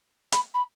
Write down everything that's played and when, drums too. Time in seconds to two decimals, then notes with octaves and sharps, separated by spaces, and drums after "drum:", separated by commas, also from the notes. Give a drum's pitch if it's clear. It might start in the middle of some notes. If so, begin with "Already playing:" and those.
0.32 B5, drum: hi-hat
0.54 B5